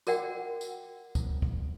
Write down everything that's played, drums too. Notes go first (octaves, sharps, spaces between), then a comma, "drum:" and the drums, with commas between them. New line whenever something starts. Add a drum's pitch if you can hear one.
F#4 A#4 D5 F#5 G5, drum: tambourine
drum: tambourine
drum: kick, tambourine
drum: kick